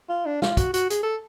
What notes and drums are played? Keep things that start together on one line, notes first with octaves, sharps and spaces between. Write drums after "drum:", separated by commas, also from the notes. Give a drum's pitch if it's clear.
F4
D4
F4, drum: snare
F#4, drum: kick, hi-hat
F#4, drum: hi-hat
G#4, drum: hi-hat
A4